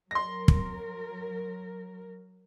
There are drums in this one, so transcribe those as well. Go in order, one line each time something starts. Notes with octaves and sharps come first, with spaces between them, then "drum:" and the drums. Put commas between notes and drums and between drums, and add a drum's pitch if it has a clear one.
F#3 A#4 C6 A#6
drum: kick